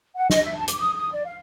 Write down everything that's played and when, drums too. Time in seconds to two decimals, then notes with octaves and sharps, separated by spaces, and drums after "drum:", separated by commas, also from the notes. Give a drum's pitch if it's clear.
0.15 F#5
0.30 D#5, drum: snare
0.42 E5
0.54 A5
0.68 D6, drum: hi-hat
0.81 D#6
0.96 D#6
1.12 D5
1.24 F5